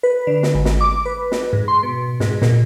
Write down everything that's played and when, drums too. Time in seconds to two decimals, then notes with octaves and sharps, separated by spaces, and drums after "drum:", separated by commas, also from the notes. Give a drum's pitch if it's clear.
0.03 B4
0.27 D3
0.43 drum: snare
0.55 G#1
0.65 drum: snare
0.81 D6
1.06 B4
1.32 drum: snare
1.53 G#2
1.68 C6
1.83 B2
2.20 G#2, drum: snare
2.42 A#2, drum: snare